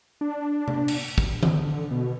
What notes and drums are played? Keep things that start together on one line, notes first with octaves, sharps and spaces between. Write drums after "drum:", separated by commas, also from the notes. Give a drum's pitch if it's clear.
D4
drum: tom C3
drum: cymbal
drum: kick
D3, drum: tom D#3
B2